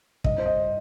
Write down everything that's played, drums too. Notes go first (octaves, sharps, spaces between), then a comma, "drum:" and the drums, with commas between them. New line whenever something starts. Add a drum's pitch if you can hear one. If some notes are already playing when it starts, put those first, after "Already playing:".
G2 D#5, drum: kick
C5
D#5